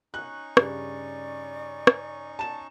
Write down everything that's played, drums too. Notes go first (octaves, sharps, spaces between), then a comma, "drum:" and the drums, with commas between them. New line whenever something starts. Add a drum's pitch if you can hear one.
C#4 D#4 C#6 F#6
G2 C#3 D5, drum: rim click
drum: rim click
A5 E7